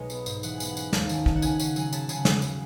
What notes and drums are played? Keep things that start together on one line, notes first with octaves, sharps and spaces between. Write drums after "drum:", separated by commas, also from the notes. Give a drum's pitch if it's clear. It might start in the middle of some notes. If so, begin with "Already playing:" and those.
Already playing: B1 B2 G#3 C#5 D#5
B3, drum: tambourine
G#2, drum: tambourine
E3 F#5, drum: tambourine
G#5
B3, drum: tambourine
F#5
C#4 G#5, drum: tambourine
D#2 A5, drum: snare
D#3 G#5, drum: tambourine
D#3 A5, drum: kick A#1
F#5
C#3 G#5, drum: tambourine
C#4 F#5, drum: tambourine
F#3 G#5, drum: tambourine
C#3 A5, drum: tambourine
C#3 G#5, drum: tambourine
F#5
C#3 G#5, drum: snare
C#3, drum: tambourine